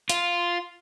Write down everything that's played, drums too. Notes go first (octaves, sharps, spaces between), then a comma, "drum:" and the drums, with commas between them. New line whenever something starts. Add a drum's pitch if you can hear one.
F4, drum: hi-hat